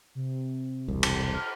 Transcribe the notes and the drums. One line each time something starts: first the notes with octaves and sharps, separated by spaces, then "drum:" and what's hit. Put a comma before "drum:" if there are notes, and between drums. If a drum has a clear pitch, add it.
C3
E1 C2
drum: cymbal
F6